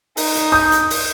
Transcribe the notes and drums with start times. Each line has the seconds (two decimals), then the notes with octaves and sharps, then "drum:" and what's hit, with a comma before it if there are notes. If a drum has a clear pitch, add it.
0.17 D#4, drum: open hi-hat
0.35 drum: hi-hat
0.52 D#6 G6
0.72 drum: hi-hat
0.90 drum: open hi-hat